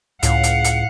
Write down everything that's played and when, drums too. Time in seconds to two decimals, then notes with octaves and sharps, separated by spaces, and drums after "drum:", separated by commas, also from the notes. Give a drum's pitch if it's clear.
0.23 C#2 A2 F5 F#5, drum: hi-hat
0.43 drum: hi-hat
0.64 drum: hi-hat